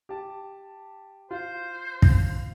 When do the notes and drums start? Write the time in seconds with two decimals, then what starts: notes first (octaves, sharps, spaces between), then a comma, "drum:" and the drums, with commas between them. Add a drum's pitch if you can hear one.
0.09 G4 A5
1.31 F4 C5
2.02 drum: kick